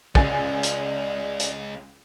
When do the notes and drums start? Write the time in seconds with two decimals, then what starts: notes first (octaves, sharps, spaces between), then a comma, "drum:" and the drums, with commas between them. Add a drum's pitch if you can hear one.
0.15 C#2 G#3 C#4 D5 G#5 A6, drum: kick
0.63 drum: hi-hat
1.40 drum: hi-hat